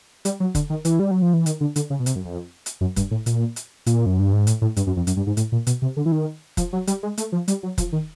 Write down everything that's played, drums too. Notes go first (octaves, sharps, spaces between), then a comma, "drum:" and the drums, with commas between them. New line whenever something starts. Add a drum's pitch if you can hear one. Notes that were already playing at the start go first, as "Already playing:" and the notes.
G3, drum: hi-hat
F#3
D3, drum: kick F1, hi-hat
D#3
E3, drum: hi-hat
G3
F#3
F3
E3
D#3, drum: hi-hat
D3
D3, drum: hi-hat
C#3
B2
C3, drum: hi-hat
F#2
F2
drum: hi-hat
F#2
G2, drum: kick F1, hi-hat
A2
A#2, drum: hi-hat
drum: hi-hat
A#2, drum: hi-hat
F#2
G2
G#2
A2, drum: hi-hat
A2
G2, drum: hi-hat
F#2
F2
F#2, drum: hi-hat
G2
G#2
A2, drum: hi-hat
A#2
B2, drum: hi-hat
C3
D3
E3
D#3
F3, drum: kick F1, hi-hat
F#3
G3, drum: hi-hat
G#3
A3, drum: hi-hat
F3
G3, drum: hi-hat
F#3
F3, drum: kick F1, hi-hat
D#3